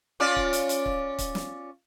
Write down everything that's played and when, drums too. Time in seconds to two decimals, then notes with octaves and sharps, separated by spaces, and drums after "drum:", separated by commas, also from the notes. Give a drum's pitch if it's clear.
0.20 C#4 F4 D5
0.36 drum: kick C#1
0.53 drum: hi-hat
0.69 drum: hi-hat
0.86 drum: kick C#1
1.18 drum: kick C#1, hi-hat
1.35 drum: snare